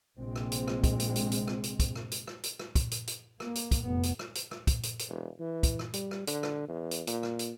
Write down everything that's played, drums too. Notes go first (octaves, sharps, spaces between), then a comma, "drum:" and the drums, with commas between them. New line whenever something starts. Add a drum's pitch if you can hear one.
A#1 C3 G#3 C4
drum: rim click
drum: hi-hat
drum: rim click
drum: kick, hi-hat
drum: hi-hat
drum: hi-hat
drum: hi-hat
drum: rim click
drum: hi-hat
drum: kick, hi-hat
drum: rim click
drum: hi-hat
drum: rim click
drum: hi-hat
drum: rim click
drum: kick, hi-hat
drum: hi-hat
drum: hi-hat
A#3, drum: rim click
drum: hi-hat
drum: kick, hi-hat
F1 B3
drum: hi-hat
drum: rim click
drum: hi-hat
drum: rim click
drum: kick, hi-hat
drum: hi-hat
drum: hi-hat
E1
E3
drum: kick, hi-hat
drum: rim click
G3, drum: hi-hat
drum: rim click
D3, drum: hi-hat
drum: rim click
E2
drum: hi-hat
A#2, drum: hi-hat
drum: rim click
drum: hi-hat